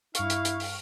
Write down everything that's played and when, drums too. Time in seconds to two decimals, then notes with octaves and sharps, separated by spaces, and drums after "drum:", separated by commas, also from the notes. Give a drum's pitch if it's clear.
0.15 G2 E4 F5 C#6, drum: hi-hat
0.30 drum: hi-hat
0.45 drum: hi-hat
0.60 drum: open hi-hat